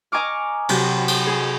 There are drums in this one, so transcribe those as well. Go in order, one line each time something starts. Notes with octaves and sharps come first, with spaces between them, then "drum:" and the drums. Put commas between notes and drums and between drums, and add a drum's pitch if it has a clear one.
D#5 G#5 A#5 C#6 D6 F6
C3 F#3 G6, drum: cymbal
drum: cymbal
G#4